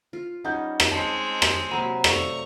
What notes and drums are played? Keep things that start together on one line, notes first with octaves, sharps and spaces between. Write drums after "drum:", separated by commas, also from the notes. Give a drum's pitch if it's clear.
F4
G3 C#4 D#4 D#5 F#5 G6
drum: rim click
G#3 C4 A5 C7
drum: rim click
C3 F#3 A#3 F#5 A#5 B5 D#7
A3 D5 F5 A#5 C#6, drum: rim click